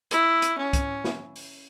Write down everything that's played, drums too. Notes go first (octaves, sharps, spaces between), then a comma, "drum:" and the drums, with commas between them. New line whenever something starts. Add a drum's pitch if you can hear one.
E4, drum: hi-hat
drum: hi-hat
C#4
drum: kick, hi-hat
drum: snare
drum: open hi-hat